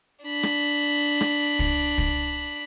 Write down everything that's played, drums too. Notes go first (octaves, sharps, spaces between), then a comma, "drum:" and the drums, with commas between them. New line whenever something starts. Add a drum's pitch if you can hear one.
D4 B5
drum: rim click
drum: rim click
drum: kick
drum: kick